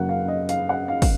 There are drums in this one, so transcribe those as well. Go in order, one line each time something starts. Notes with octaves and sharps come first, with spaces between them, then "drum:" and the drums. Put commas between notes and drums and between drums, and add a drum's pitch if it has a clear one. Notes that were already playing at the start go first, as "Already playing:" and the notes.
Already playing: F#2 C#3 F#3 A#3 F#5
F5
D#5
F5, drum: hi-hat
F#5
F5
drum: kick, open hi-hat